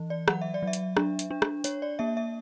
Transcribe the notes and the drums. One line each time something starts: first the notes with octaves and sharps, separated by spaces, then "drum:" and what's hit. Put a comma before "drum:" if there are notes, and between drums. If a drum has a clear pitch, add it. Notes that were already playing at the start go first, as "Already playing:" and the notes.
Already playing: E3
D5
F#3 F#5, drum: rim click
E5
D5
F#3 E5
drum: hi-hat
D4, drum: rim click
drum: hi-hat
D4
drum: rim click
D4 C#5, drum: hi-hat
D5
A#3 E5
E5